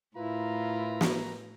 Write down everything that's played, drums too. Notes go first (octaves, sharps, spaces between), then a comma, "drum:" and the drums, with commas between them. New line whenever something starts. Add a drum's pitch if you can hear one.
A2 E4 F4 A#4 B4 A#5
drum: snare